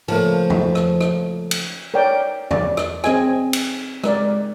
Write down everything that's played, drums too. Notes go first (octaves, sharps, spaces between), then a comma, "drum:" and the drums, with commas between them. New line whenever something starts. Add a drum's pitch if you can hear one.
C#3 F3 A3 A#3 A#4 E5 A5
drum: tom E2
drum: rim click
drum: rim click
drum: cymbal
A#4 C#5 D5 G5
D5, drum: tom E2
drum: rim click
C4 G#4 D#5 G#5, drum: rim click
drum: cymbal
G#3 A#4 D5, drum: rim click